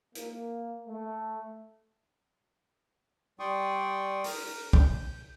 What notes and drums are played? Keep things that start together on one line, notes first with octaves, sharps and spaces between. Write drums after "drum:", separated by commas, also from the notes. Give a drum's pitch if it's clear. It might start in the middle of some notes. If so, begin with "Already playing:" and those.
A#3, drum: hi-hat
A3
G3 D5 G5 C6 C#6 D#6
A#4, drum: open hi-hat
G6, drum: kick